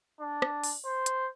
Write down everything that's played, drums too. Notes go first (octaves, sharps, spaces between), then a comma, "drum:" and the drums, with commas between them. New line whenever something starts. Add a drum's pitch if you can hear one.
D4
drum: rim click
drum: open hi-hat
C5
drum: hi-hat